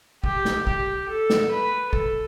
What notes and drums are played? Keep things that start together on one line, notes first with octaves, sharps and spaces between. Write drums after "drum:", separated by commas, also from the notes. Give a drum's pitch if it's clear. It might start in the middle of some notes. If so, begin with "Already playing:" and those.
G4, drum: kick
drum: snare
G4, drum: kick
A4
drum: snare
B4
A4, drum: kick